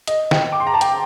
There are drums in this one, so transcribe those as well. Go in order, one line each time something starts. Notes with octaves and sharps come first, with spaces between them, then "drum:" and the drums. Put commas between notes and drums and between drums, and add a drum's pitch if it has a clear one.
D#5, drum: hi-hat
G5, drum: snare
D6
C6
A#5
A5
G5, drum: hi-hat